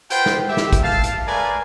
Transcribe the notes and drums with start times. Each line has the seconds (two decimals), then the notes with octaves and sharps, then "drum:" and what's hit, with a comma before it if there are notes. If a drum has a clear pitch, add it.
0.10 F4 B4 C5 F#5 G5, drum: hi-hat
0.26 drum: snare
0.48 G4 E5
0.57 drum: snare
0.73 drum: kick, hi-hat
0.82 F5 A5
1.04 drum: hi-hat
1.27 G#3 A3 A#4 B4 D5 G#5